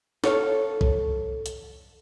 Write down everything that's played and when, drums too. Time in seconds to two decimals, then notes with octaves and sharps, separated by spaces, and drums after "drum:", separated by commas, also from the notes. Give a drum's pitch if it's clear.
0.24 A4 C#5 F5, drum: snare
0.81 drum: kick B1
1.46 drum: hi-hat